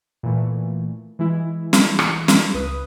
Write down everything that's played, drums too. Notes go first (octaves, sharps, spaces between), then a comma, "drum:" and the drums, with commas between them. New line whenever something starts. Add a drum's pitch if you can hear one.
A#2 E3 A3
E3 G#3 E4
drum: snare
drum: rim click
drum: snare
C#2 B4 D#6